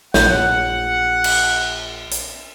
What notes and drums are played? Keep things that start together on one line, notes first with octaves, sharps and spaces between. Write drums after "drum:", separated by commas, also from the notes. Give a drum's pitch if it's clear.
A#1 C#5 F#5, drum: snare
drum: cymbal
drum: hi-hat